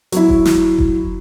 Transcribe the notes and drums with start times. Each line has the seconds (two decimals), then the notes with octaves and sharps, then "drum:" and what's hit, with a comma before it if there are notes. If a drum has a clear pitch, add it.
0.12 F#3 E4, drum: hi-hat
0.29 drum: kick F1
0.45 drum: snare
0.79 drum: kick F1